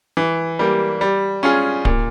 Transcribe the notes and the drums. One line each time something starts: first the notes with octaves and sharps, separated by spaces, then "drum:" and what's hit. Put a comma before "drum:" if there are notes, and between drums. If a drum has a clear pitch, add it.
E3
G3 A#3
G3
C#4 F4 G#4
A#2, drum: kick D1